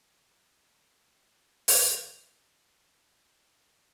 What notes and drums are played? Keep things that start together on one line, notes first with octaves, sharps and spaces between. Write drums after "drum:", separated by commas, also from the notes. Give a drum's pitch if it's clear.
E4 F4 D6
drum: open hi-hat
A2 D3 C#4 C#5 G#5